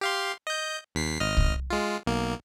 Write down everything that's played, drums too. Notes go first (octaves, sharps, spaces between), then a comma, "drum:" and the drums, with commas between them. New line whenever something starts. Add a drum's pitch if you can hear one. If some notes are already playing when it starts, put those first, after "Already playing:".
G4 F5 C6
D#5 G6
D#2 B6 C7
G#1 D#5 F6
drum: kick C2
G#3 F4
B1 A#3